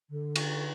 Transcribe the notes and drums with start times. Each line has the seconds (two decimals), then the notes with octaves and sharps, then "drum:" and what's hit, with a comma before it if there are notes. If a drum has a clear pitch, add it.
0.10 D3
0.36 drum: cymbal